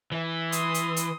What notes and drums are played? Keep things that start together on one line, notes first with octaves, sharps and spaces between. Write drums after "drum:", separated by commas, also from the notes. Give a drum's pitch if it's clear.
E3
C6 D#6, drum: hi-hat
drum: hi-hat
drum: hi-hat